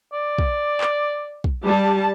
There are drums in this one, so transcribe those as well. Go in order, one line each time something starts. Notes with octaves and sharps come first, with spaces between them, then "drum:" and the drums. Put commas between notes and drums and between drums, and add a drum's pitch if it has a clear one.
D5
drum: kick
drum: clap
drum: kick
G3 A5